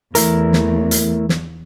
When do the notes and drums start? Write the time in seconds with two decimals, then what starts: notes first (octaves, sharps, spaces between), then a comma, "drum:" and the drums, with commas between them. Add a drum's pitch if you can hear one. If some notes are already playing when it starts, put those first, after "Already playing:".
0.15 E2 A3 E4 A#4, drum: hi-hat
0.53 drum: snare
0.91 drum: hi-hat
1.29 drum: snare